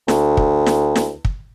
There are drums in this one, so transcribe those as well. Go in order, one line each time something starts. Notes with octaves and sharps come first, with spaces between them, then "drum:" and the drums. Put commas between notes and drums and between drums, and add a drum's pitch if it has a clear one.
D2, drum: snare
drum: kick
drum: snare
drum: snare
drum: kick